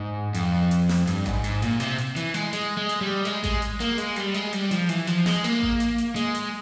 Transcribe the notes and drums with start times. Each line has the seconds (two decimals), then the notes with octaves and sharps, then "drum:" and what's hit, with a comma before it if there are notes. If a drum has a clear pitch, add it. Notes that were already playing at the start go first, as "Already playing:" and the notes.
Already playing: G#2
0.34 F2, drum: hi-hat
0.71 drum: hi-hat
0.89 drum: snare
1.07 G2, drum: hi-hat
1.25 G#2, drum: kick A1, hi-hat
1.44 G#2, drum: hi-hat
1.62 A#2, drum: hi-hat
1.80 C3, drum: hi-hat
1.98 drum: hi-hat
2.16 E3, drum: hi-hat
2.34 G#3, drum: hi-hat
2.53 G#3, drum: hi-hat
2.77 G#3
2.89 drum: hi-hat
3.01 G3
3.25 G#3, drum: hi-hat
3.44 G#3, drum: kick A1, hi-hat
3.62 drum: hi-hat
3.80 A#3, drum: hi-hat
3.98 G#3, drum: hi-hat
4.16 G3, drum: hi-hat
4.34 G#3, drum: hi-hat
4.53 G3, drum: hi-hat
4.71 F3, drum: hi-hat
4.89 E3, drum: hi-hat
5.07 F3, drum: hi-hat
5.26 G#3, drum: snare
5.44 A#3, drum: hi-hat
5.62 drum: kick A1
5.80 drum: hi-hat
5.98 drum: hi-hat
6.16 G#3, drum: hi-hat
6.35 drum: hi-hat